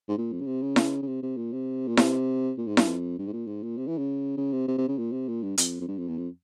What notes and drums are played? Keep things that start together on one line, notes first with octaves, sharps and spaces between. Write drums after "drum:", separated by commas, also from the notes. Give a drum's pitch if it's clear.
G#2
A#2
F2
C#3
C3
C#3
drum: snare E4
C#3
C3
C3
A#2
C3
A#2
C3, drum: snare E4
A#2
G#2
G2, drum: snare E4
F2
G2
G#2
A#2
G#2
A#2
C3
E3
C#3
C#3
C3
C3
C3
C#3
A#2
C3
A#2
G2
F2, drum: hi-hat
F2
G2
F2
E2
F2